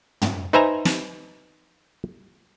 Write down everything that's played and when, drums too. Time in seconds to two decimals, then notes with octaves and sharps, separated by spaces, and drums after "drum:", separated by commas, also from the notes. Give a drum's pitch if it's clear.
0.22 drum: tom
0.53 D#4 B4 C5 E5 G#5 A#5
0.85 drum: snare